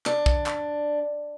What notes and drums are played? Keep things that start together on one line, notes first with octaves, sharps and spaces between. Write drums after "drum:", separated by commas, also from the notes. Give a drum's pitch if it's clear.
D4, drum: clap
drum: kick
drum: clap